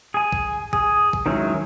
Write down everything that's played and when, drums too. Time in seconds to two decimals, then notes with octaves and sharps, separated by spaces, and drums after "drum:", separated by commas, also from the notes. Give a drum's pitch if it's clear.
0.14 G#4 G#5
0.32 drum: kick
0.73 G#4, drum: kick
1.13 drum: kick
1.26 D#3 F#3 G#3 C#4 E4